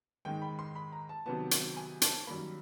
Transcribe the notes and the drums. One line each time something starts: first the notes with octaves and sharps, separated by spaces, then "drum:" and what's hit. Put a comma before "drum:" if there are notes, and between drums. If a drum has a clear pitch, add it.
G#2 D#3 G#3 G5
B5
C6
B5
A#5
A5
C3 D#3 F#3 B3 A5
drum: hi-hat
G#5
A5, drum: hi-hat
F#2 D#3 G3 A#3 B5